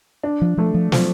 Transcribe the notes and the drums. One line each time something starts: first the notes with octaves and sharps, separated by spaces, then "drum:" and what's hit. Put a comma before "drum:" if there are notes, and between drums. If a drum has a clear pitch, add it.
D4
F3
F3 A3
F3
F3 F#3, drum: snare